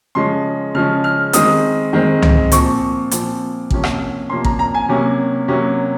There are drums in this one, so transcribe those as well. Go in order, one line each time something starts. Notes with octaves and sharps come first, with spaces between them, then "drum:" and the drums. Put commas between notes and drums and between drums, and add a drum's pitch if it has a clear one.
C#3 F3 G#3 C#4 C6
C#3 F3 G#3 C#4 F6
F6
D#3 G#3 C4 D#6, drum: hi-hat
D#3 G#3 C4
drum: tom C#2
A#2 F3 C4 C#6, drum: hi-hat
A#2 F3 C4, drum: hi-hat
C3 F3 A#3 C#4, drum: kick
drum: rim click
C3 F3 A#3 C#4 C6
A#5, drum: kick
A#5
G#5
C3 F#3 A#3 C#4
C3 F#3 A#3 C#4